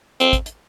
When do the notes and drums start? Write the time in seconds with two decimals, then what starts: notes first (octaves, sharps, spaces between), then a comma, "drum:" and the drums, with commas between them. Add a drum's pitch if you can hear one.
0.20 C4, drum: hi-hat
0.33 drum: kick, hi-hat
0.46 drum: hi-hat